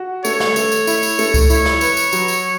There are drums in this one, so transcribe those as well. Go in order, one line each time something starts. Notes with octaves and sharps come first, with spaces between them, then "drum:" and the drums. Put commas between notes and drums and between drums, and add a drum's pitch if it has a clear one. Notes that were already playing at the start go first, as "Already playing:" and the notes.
Already playing: F#4
A3 C#5, drum: tambourine
drum: snare
A3, drum: tambourine
drum: tambourine
E4, drum: tambourine
drum: tambourine
A3, drum: tambourine
drum: kick C#2, tambourine
E4 C#5, drum: tambourine
drum: snare
B4, drum: tambourine
drum: tambourine
F#3, drum: tambourine
drum: tambourine